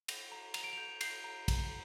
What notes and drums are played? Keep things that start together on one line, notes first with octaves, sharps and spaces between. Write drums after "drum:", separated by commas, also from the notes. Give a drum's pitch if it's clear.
G6 F7, drum: cymbal
A#5
A#5 F7, drum: cymbal
D7
G6 F7
G6 C7, drum: cymbal
A#5
A#5, drum: kick, cymbal